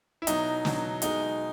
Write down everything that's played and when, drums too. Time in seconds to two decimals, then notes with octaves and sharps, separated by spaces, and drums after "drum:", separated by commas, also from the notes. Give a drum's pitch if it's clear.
0.22 E4
0.27 B2 F#3 D#4, drum: hi-hat
0.65 B2 F#3, drum: snare
1.02 B2 G#3 D#4, drum: hi-hat